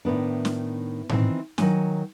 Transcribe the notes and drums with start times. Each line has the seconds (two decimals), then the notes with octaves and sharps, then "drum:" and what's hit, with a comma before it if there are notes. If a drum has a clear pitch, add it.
0.05 A2 D#3 B3 D4
0.45 drum: snare
1.09 D#3 E3 C4, drum: tom A2
1.58 D#3 F#3 G#5, drum: snare